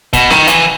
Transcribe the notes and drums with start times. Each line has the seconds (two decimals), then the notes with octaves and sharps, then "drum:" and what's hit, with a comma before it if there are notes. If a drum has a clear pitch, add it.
0.13 B2, drum: kick, hi-hat
0.30 D#3, drum: snare
0.47 E3, drum: hi-hat